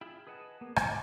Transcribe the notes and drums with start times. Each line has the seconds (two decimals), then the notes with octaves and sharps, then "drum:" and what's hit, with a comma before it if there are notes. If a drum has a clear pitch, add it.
0.01 F4 G#4 E5 G5 B5
0.27 G#4 B4 D#5 F#5 A5
0.61 A#3 B3
0.76 C#5 D6, drum: rim click